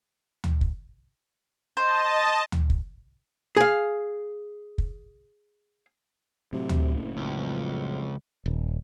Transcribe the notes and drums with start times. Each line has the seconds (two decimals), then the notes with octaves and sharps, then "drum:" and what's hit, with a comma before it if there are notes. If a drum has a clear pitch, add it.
0.44 drum: tom D2
0.61 drum: kick
1.77 C5 D#5 A5
2.52 drum: tom D2
2.70 drum: kick
3.57 G#4 F5
4.78 drum: kick
6.53 A2 C3 F#3
6.69 drum: tom D2
6.96 F#1
7.17 C#2
7.38 F2
8.46 D#1